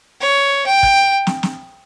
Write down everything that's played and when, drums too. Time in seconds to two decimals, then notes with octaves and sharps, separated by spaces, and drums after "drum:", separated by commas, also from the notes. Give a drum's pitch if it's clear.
0.21 C#5
0.66 G5
0.83 drum: kick
1.27 drum: snare
1.43 drum: snare